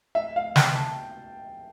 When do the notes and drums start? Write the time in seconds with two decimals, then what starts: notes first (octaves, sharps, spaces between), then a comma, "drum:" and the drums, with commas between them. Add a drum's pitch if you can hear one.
0.15 E5
0.36 F5
0.56 G5, drum: snare
0.75 A5